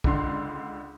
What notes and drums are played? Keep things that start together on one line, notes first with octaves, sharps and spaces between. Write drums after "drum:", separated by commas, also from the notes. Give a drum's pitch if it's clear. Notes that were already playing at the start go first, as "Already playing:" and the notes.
C#2 D3 C6, drum: kick